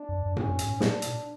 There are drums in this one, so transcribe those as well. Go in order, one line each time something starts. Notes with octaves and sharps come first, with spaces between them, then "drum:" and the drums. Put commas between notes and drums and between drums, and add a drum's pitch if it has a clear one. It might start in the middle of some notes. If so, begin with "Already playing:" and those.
Already playing: D4
F2
F#2
G#2 C#4, drum: tom A#2
F#2
G#2, drum: hi-hat
A2
A#2 D4, drum: snare
drum: hi-hat